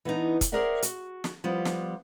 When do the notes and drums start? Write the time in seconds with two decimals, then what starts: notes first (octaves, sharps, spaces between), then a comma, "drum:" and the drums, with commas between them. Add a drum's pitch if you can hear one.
0.05 E3 B3 D4 D#4
0.41 drum: kick, hi-hat
0.52 G#4 A#4 C5 D5 E5 F#5
0.82 F#4, drum: hi-hat
1.24 drum: snare
1.44 F3 G3 B3 F4
1.65 drum: snare